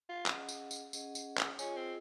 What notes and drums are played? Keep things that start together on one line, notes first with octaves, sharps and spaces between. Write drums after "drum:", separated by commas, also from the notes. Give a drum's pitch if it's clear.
F4
C#4 G#4 D#5 F#5, drum: clap
drum: tambourine
drum: tambourine
C#4 G#4 D#5 F#5, drum: tambourine
drum: tambourine
drum: clap
C#4 F4 G#4 D#5, drum: tambourine
C4